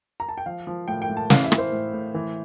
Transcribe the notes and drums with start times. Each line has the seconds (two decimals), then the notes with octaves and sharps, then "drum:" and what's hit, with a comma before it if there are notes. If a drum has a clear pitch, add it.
0.20 A#5
0.29 A5
0.38 G5
0.46 F3 F5
0.67 F3
0.88 A2 G5
1.02 G5
1.09 A2
1.17 A5
1.30 E3 F5, drum: snare
1.44 E5
1.52 E3, drum: rim click
1.58 C5
1.72 A2
1.93 A2
2.14 E3